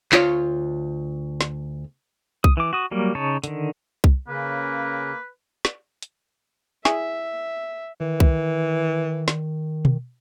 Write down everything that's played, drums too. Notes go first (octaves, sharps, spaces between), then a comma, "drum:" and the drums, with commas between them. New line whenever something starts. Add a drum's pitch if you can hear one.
D2 F4 C#5, drum: clap
drum: snare
D#6, drum: kick C2
E3 D6
F#4 D#6
F#3 G3 A#3
C#3 D#4 C#5 A5
D3 D#3, drum: hi-hat
drum: kick C2
C#3 A#3 B4
drum: snare
drum: hi-hat
E4 G#4 E5, drum: snare
D#3 E3
drum: kick C2
drum: snare
drum: tom B2